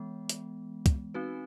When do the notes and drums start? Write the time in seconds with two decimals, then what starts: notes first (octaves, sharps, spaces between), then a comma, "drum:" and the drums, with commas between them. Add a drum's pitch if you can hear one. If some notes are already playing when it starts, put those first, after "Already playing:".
Already playing: E3 G#3 B3
0.29 drum: hi-hat
0.86 drum: kick, hi-hat
1.14 C4 D#4 F#4 B4